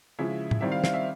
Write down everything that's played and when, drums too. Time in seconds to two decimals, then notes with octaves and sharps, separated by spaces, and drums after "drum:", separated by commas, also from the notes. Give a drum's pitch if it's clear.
0.19 C#3 F3 G#3 C#4 E4 E5
0.51 drum: tom A2
0.61 D#3 G3 C4 E4 E5
0.72 F5
0.84 F5, drum: snare
0.94 E5